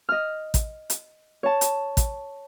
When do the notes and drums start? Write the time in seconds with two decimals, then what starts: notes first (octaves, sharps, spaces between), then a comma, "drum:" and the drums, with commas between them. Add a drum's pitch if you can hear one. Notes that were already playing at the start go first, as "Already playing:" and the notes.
0.09 D#5 F6
0.54 drum: kick, hi-hat
0.90 drum: hi-hat
1.43 C#5 A5
1.61 drum: hi-hat
1.97 drum: kick, hi-hat